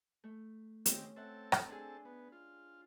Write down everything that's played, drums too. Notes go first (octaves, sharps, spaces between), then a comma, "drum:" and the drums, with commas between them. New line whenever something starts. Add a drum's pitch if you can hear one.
A3
D#3 C4 C#4 G4, drum: hi-hat
C4 A4 E5 F#5
drum: rim click
D4 G#4
B3
F4